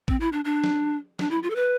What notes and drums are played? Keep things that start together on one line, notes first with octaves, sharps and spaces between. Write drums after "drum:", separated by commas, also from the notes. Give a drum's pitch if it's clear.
C4, drum: kick
E4
D4
D4
drum: snare
D4, drum: snare
E4
F4
A4
B4